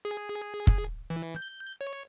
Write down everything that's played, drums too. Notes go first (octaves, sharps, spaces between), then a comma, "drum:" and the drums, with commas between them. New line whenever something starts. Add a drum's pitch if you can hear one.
G#4
drum: kick
E3
G6
C#5